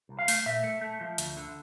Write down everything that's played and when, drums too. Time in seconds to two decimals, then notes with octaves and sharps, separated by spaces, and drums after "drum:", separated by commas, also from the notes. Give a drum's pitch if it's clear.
0.09 C2
0.19 F5
0.28 A3, drum: open hi-hat
0.46 A#2 E5
0.64 A3
0.81 A3
1.01 F3
1.18 D2, drum: hi-hat
1.37 D3